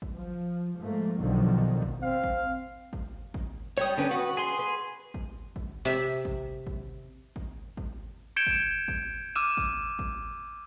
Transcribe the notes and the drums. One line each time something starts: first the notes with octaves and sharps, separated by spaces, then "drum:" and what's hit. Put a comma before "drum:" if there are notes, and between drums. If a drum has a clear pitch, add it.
drum: kick G#1
F3
G#2 F3 A3 A#3
B1 F2 B2 D3 D#3 F3
drum: kick G#1
C4 F5
drum: kick G#1
drum: kick G#1
drum: kick G#1
G3 C#5 D#6
D3 C#4 B4
F#4 B4 D#6
G#4 C6
B4
drum: kick G#1
drum: kick G#1
C3 E5
drum: kick G#1
drum: kick G#1
drum: kick G#1
drum: kick G#1
G6 G#6 C#7 D7 E7 G7
drum: kick G#1
drum: kick G#1
D6 E6 F6 D#7 E7
drum: kick G#1
drum: kick G#1